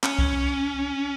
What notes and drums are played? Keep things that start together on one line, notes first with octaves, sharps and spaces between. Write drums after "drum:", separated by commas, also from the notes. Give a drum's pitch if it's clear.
C#4, drum: clap
drum: kick C2